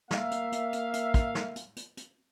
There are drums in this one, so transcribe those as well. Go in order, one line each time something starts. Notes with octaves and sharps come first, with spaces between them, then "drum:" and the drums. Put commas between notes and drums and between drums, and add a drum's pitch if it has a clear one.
A#3 E5 F5, drum: snare
drum: hi-hat
drum: hi-hat
drum: hi-hat
drum: hi-hat
drum: kick, hi-hat
drum: snare
drum: hi-hat
drum: hi-hat
drum: hi-hat